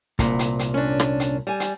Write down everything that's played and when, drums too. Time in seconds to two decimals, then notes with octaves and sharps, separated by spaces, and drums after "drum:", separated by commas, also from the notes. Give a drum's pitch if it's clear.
0.19 C2 A#2, drum: kick, hi-hat
0.39 drum: hi-hat
0.59 drum: hi-hat
0.74 C#4 D4
0.99 drum: rim click
1.20 drum: hi-hat
1.47 G3 G#5
1.60 drum: hi-hat